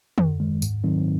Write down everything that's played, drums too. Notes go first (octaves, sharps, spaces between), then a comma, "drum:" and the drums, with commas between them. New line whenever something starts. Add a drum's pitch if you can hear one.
F#2, drum: tom
D#3 G#3
G#2, drum: tambourine
D#3 F#3 C4 D#4